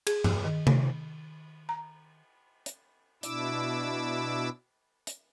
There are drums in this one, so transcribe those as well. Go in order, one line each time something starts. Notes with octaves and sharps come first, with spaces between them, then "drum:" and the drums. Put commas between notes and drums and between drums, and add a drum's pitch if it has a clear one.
G#4, drum: cymbal
drum: tom G2
D#3
drum: tom C3
A#5
drum: hi-hat
B2 D4 E4 D6 E6, drum: hi-hat
drum: hi-hat